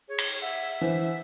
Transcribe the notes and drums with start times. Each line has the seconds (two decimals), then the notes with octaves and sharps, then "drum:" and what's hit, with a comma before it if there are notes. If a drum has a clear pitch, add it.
0.08 G#4 C#5
0.18 drum: cymbal
0.41 E5 F#5
0.81 E3 C5